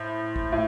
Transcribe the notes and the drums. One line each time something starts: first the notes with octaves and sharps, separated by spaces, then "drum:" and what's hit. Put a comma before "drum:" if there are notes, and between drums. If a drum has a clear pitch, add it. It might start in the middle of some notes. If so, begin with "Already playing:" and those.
Already playing: A2 C5
drum: kick
A2